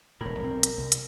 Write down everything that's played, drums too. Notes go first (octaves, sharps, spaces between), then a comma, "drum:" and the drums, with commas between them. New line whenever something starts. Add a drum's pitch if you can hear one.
E1 A2 A#4 B5
B1 C4
drum: hi-hat
C2
drum: hi-hat